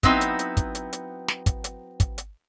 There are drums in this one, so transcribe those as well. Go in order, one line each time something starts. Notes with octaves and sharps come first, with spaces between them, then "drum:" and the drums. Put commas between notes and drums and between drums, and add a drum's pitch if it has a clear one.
F#3 B3 C4 D#4 E4, drum: kick, hi-hat
drum: hi-hat
drum: hi-hat
drum: kick, hi-hat
drum: hi-hat
drum: hi-hat
drum: snare
drum: kick, hi-hat
drum: hi-hat
drum: kick, hi-hat
drum: hi-hat